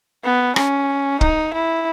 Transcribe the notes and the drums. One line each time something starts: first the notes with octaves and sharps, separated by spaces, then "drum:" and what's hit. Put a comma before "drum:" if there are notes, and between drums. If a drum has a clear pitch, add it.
B3
C#4, drum: rim click
D#4, drum: kick
E4